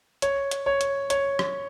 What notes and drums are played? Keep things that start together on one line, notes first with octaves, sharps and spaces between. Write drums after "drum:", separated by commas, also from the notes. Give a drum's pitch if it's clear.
C#5, drum: hi-hat
drum: hi-hat
C#5
drum: hi-hat
C#5, drum: hi-hat
drum: rim click